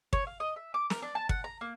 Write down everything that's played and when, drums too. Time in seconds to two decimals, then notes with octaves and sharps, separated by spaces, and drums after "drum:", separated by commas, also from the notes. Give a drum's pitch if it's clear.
0.13 C#5, drum: kick
0.27 F5
0.40 D#5
0.56 E5
0.74 D6
0.90 A#4, drum: snare
1.02 D4
1.15 A5
1.29 F#5, drum: kick
1.44 A#5
1.61 A#3